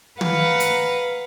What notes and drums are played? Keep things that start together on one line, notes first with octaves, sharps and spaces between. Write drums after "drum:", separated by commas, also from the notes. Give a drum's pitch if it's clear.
B4 F5 F#5 A#5, drum: tom
drum: hi-hat